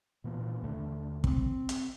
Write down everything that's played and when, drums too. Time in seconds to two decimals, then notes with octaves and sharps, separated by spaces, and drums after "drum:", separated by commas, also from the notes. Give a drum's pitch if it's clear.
0.24 A#2 E3 A#3 B3
0.63 D#2 D3 A3
1.24 C4, drum: kick
1.69 drum: hi-hat